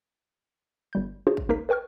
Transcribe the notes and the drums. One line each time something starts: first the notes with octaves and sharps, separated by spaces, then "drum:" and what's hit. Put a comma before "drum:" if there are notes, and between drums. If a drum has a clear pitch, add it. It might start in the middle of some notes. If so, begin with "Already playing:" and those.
G1 G3 G6
D4 F4 F#4 G#4 C5 C#5
drum: kick
C#2 A#3 D#4 A#4 B6
A#4 B4 G5 C#6 F6